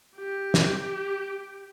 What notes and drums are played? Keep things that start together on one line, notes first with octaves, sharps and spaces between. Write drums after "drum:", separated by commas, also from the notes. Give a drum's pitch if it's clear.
G4
drum: snare